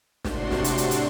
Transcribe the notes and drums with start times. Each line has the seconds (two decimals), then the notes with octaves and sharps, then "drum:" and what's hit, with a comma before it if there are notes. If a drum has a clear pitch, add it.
0.25 A2 C3 D4 F#4 C6, drum: snare
0.51 drum: snare
0.64 drum: hi-hat
0.78 drum: hi-hat
0.91 drum: hi-hat